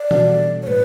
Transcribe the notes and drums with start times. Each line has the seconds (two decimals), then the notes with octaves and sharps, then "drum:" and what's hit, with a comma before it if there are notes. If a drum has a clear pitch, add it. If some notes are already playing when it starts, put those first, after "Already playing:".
Already playing: D5
0.11 B2 G3 D4 F#4 A4, drum: tom E3
0.62 C#5
0.67 A2 B4